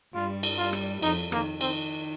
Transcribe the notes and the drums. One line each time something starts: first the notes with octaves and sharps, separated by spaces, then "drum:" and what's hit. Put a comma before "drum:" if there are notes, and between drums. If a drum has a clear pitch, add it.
G2 G3 F4
drum: cymbal
F4
drum: rim click
F2 F3 D#4, drum: cymbal
D#3 A#3, drum: rim click
D#3 C4, drum: cymbal